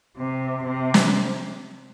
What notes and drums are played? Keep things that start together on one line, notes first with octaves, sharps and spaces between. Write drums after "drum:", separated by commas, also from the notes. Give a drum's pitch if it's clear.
C3
C3
drum: snare